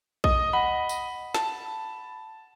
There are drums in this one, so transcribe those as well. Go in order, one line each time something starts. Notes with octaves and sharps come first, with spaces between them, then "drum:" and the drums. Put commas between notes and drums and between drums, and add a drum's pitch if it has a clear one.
D#5 D#6, drum: kick A#1
F#5 B5
drum: tambourine
A5, drum: snare